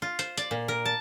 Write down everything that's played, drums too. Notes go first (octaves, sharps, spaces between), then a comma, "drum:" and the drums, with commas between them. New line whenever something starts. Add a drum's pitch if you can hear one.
F4
C5, drum: hi-hat
D5, drum: hi-hat
A#2
A#4
A5